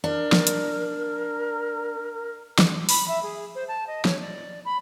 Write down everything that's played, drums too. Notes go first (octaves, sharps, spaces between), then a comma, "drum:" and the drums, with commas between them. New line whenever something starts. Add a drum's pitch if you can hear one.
D4 A#4
drum: snare
drum: hi-hat
drum: snare
B5, drum: open hi-hat
E5
G#4
C5
A5
D#5
C#5, drum: snare
D5
B5